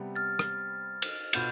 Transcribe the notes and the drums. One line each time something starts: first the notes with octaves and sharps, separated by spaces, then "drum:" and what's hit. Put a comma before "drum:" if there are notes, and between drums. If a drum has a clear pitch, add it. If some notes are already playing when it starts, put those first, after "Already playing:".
Already playing: C3 G3 B3
F6 A6
drum: rim click
drum: cymbal
B2 B3 F4 G6, drum: cymbal